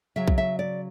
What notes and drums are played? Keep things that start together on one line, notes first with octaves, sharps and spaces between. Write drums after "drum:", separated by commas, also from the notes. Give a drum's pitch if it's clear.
C#3 F#3 E5
drum: kick B1
E5
D5